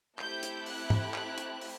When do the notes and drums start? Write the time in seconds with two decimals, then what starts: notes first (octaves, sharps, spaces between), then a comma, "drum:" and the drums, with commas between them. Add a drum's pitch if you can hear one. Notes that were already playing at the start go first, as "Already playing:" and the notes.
0.19 A3 C4 E4 G4 G6, drum: clap
0.43 drum: hi-hat
0.66 F#6, drum: open hi-hat
0.90 drum: tom G#2
1.14 F#6, drum: clap
1.38 drum: hi-hat
1.61 drum: open hi-hat